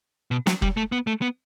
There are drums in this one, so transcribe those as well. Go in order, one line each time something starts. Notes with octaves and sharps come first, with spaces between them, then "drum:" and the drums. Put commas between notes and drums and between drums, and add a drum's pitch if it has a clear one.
B2
F#3, drum: snare
G3, drum: kick F1
A3
B3
A3
B3